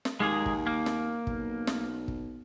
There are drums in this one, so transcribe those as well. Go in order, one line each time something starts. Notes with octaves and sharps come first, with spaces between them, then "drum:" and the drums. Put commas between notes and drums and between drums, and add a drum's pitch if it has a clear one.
drum: snare
D#2 G#3 A#3 G#4
drum: kick
A#3
drum: snare
B1, drum: kick
drum: snare
drum: kick